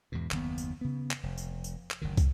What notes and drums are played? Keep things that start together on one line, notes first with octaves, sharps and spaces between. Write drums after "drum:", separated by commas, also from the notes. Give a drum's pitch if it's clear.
E2 G#2 B2
F#1 D#2 B3, drum: clap
drum: tambourine
C#3 B3
drum: clap
F1
drum: tambourine
drum: tambourine
drum: clap
F#1 D2 D#3
drum: kick, tambourine